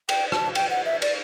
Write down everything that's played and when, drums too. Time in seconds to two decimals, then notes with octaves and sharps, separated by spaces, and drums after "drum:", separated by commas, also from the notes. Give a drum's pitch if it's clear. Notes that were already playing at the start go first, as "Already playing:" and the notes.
0.09 G5, drum: cymbal
0.32 A5, drum: rim click
0.55 G5, drum: cymbal
0.70 F#5
0.86 E5
1.02 D5, drum: cymbal